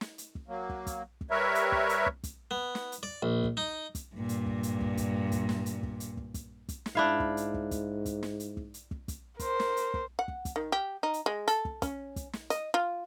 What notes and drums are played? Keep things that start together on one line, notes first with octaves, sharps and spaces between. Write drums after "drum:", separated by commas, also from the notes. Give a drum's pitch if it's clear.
drum: snare
drum: hi-hat
drum: kick
F#3 A#3
drum: kick
drum: kick, hi-hat
drum: kick
G3 A#4 B4 C#5 E5
drum: hi-hat
drum: kick
drum: hi-hat
drum: kick
drum: kick, hi-hat
B3
drum: snare
drum: hi-hat
D5
A#1
drum: kick
D#4
drum: kick, hi-hat
G2 A#2
drum: hi-hat
drum: kick
drum: hi-hat
drum: kick
drum: kick, hi-hat
drum: kick, hi-hat
drum: snare
drum: hi-hat
drum: kick
drum: hi-hat
drum: kick
drum: kick, hi-hat
drum: kick, hi-hat
drum: snare
G#2 D4 E4 F5
drum: kick
drum: hi-hat
drum: kick
drum: kick, hi-hat
drum: kick, hi-hat
drum: snare
drum: hi-hat
drum: kick
drum: hi-hat
drum: kick
drum: kick, hi-hat
A#4 C5, drum: kick, hi-hat
drum: snare
drum: hi-hat
drum: kick
F#5
drum: kick
drum: kick, hi-hat
D#3
G4
D#4
drum: hi-hat
G#3
A4, drum: hi-hat
drum: kick
C#4, drum: kick, hi-hat
drum: kick, hi-hat
drum: snare
D#5, drum: hi-hat
F4